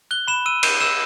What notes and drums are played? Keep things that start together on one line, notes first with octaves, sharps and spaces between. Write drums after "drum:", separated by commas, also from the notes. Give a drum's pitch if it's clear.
F#6 G7
B5 E7
E6 D#7
G6 D#7, drum: cymbal
E6 E7